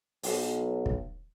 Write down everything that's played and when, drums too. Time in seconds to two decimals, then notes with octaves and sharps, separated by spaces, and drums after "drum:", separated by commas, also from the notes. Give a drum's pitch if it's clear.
0.23 B1, drum: open hi-hat
0.86 drum: kick